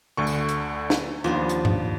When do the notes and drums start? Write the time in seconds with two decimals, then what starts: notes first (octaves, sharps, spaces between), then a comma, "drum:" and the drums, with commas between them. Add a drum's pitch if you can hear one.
0.17 D2 D3 C#6
0.27 drum: tambourine
0.49 drum: hi-hat
0.90 drum: snare
1.24 D#2 F3 B3 D4
1.49 drum: hi-hat
1.65 drum: tom G2